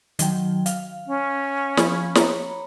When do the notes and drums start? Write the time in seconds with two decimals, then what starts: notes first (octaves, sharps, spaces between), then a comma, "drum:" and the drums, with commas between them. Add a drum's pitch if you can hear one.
0.19 D#3 F#3 G5, drum: hi-hat
0.66 F5, drum: hi-hat
1.07 C#4
1.77 F3 B5 G#6, drum: snare
2.15 C#5 A#5 B5, drum: snare